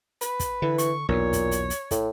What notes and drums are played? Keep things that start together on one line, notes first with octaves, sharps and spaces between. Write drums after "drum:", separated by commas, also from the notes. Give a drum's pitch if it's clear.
B4, drum: hi-hat
drum: kick, hi-hat
D3 E3
C#6, drum: hi-hat
B1 E2 A#2 C#5
drum: kick, hi-hat
drum: hi-hat
drum: hi-hat
A2, drum: kick, hi-hat